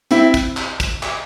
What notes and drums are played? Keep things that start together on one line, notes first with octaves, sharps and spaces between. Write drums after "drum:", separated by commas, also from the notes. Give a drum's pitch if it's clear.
C4 E4, drum: hi-hat
drum: kick, hi-hat
drum: clap
drum: kick, hi-hat
drum: clap